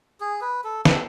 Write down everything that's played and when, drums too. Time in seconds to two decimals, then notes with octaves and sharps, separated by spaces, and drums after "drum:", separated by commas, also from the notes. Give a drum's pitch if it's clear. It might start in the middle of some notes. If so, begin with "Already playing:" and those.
0.20 G#4
0.41 B4
0.64 A4
0.85 A4, drum: snare